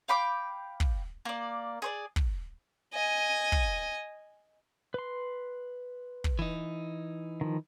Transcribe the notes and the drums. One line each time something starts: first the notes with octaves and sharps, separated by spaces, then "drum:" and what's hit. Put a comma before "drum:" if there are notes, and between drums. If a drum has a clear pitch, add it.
F5 G5 B5 D6
drum: kick
A#3 D5
G#4 C5 D5
drum: kick
D#5 G#5
drum: kick
B4 C6
drum: kick
E3 D#4
D#3 F3